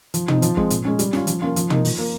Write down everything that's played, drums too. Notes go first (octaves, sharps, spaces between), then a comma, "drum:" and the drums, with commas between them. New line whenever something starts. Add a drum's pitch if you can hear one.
F3, drum: hi-hat
C4 D#4, drum: tom
F3, drum: hi-hat
G#3 C4, drum: kick
A#2, drum: hi-hat
G#3 C#4
G3, drum: hi-hat
C#4 F4, drum: snare
F3, drum: hi-hat
A#3 C#4 F4
F3, drum: hi-hat
A#3 D#4, drum: tom
F3, drum: open hi-hat
A#3 F4